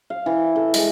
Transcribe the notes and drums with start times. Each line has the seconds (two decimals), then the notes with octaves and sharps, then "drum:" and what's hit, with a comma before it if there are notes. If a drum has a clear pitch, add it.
0.10 F5
0.26 E3
0.56 A4
0.74 G#3, drum: open hi-hat